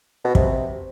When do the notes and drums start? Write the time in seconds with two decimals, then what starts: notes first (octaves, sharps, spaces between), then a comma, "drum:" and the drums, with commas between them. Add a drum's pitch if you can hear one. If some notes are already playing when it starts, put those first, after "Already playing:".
0.24 B2
0.35 C3, drum: kick